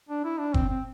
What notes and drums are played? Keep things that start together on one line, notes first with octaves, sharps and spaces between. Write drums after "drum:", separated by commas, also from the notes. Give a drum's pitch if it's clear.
D4
E4
D4
C4, drum: kick F#1
C4